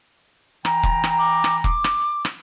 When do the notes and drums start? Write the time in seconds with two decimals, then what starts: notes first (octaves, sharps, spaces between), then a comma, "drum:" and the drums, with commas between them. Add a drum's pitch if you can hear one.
0.65 E3 G5 A#5, drum: rim click
0.83 drum: kick
1.04 drum: rim click
1.19 D6
1.44 drum: rim click
1.64 D6, drum: kick
1.84 drum: rim click
2.25 drum: rim click